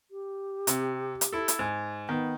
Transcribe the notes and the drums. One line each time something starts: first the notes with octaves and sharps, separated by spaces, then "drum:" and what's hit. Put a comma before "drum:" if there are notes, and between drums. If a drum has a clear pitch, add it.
G4
C3, drum: hi-hat
drum: hi-hat
E4 A4
drum: hi-hat
G#2
D#3 B3